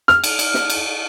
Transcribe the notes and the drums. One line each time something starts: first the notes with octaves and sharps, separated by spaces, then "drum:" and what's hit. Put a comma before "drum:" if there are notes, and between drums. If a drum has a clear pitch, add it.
F6, drum: snare
drum: cymbal
drum: cymbal
drum: snare
drum: cymbal